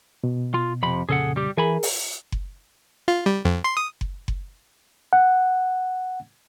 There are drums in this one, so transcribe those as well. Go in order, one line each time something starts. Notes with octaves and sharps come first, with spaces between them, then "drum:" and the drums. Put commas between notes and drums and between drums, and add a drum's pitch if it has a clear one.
B2
F4
F2 C3 B5
F2 A#2 C#3 G#4 A4 F#5
G3 G4
E3 G#4 A#4 G#5 B5
drum: open hi-hat
drum: kick F#1
F4
G3
F2
C6
D#6
drum: kick F#1
drum: kick F#1
F#5